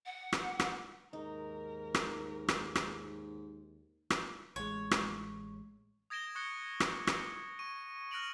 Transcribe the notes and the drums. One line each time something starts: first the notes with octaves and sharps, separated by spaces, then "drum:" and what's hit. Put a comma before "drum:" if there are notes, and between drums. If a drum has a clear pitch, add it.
F#5
drum: rim click
drum: rim click
D#2 G#2 D#4 A#4
drum: rim click
drum: rim click
drum: rim click
drum: rim click
A1 G#3 C#5
drum: rim click
D#6 G#6 A#6 D7 E7 G7
C#6 D#6 F#6 A#6 C#7 G7
drum: rim click
drum: rim click
C#6 D#7
F6 F#6 A#6 D7 F7 F#7